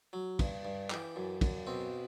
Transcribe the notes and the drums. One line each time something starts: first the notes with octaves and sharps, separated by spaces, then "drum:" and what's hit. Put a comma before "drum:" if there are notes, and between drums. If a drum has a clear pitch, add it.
F#3
G2, drum: kick, cymbal
G2
E3 G4, drum: clap
F#2
F#2, drum: kick, cymbal
B2 C4